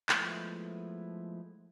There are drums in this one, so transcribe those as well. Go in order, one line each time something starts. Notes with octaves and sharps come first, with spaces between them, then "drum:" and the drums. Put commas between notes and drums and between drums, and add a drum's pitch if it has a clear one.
F3 G#3 A3 B3 E4, drum: clap